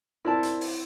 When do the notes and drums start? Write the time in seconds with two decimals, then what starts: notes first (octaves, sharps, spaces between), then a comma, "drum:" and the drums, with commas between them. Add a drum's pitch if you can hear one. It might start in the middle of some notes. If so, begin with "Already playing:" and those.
0.25 C4 E4 A#4 D5 A5
0.43 drum: hi-hat
0.61 drum: open hi-hat